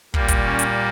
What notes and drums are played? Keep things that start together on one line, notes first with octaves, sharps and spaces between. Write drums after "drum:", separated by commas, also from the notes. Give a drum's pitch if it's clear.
A#2 G3 A#3, drum: kick
drum: kick, hi-hat
C#4
drum: hi-hat